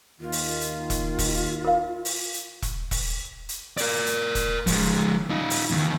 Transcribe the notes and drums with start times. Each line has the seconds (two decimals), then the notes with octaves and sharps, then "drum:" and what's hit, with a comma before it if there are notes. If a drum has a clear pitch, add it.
0.21 D#2 D#3 F4
0.32 drum: open hi-hat
0.61 drum: hi-hat
0.90 drum: kick E1, hi-hat
1.19 drum: kick E1, open hi-hat
1.65 A#4 F5
2.05 drum: open hi-hat
2.34 drum: hi-hat
2.62 drum: kick E1, hi-hat
2.91 drum: kick E1, open hi-hat
3.49 drum: hi-hat
3.77 A#4 D5, drum: open hi-hat
4.06 drum: hi-hat
4.35 drum: kick E1, hi-hat
4.67 F3 G#3, drum: kick E1, open hi-hat
5.30 D#4 F4
5.50 drum: open hi-hat
5.70 E2 D#3